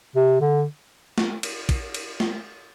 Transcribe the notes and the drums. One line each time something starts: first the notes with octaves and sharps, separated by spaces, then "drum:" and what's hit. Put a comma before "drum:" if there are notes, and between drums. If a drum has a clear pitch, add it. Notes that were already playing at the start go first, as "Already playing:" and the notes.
C3
D3
drum: snare
drum: cymbal
drum: kick, cymbal
drum: cymbal
drum: snare